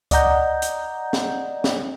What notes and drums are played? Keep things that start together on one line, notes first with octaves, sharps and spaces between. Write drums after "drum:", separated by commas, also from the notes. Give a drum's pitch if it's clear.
D5 D#5 F#5 A#5 G6, drum: kick C#2, hi-hat
drum: hi-hat
drum: snare
drum: snare